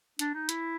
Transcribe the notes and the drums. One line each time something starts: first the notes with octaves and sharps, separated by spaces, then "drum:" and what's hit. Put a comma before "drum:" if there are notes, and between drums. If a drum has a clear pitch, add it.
D4, drum: hi-hat
D#4
E4, drum: hi-hat